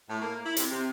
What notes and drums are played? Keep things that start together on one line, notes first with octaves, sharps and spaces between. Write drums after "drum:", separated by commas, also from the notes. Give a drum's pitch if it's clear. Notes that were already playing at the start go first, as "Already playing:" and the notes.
A2
A#3
E4
C3, drum: hi-hat
C3